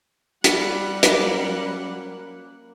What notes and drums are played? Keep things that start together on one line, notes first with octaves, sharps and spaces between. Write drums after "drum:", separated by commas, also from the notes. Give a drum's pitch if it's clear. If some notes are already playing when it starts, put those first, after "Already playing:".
G3 E4 G4 F#5, drum: hi-hat
F#3 A#3 C#4, drum: hi-hat